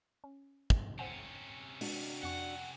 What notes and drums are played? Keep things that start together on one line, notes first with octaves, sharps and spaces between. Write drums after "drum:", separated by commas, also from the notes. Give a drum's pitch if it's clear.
C#4
drum: kick
C3 C#4 C5 F#5 G#5
G#3 D4 F#4, drum: open hi-hat
F2 F#5 G#5 C#6